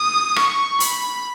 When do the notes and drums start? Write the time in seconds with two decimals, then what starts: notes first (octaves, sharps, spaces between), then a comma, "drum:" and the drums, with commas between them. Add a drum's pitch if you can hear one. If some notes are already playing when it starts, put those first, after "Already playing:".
Already playing: D#6
0.36 C#6, drum: rim click
0.80 B5, drum: hi-hat